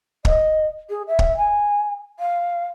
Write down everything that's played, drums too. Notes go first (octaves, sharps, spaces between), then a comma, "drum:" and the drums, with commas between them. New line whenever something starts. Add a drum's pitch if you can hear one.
D#5, drum: kick
G#4
E5
drum: kick
G#5
F5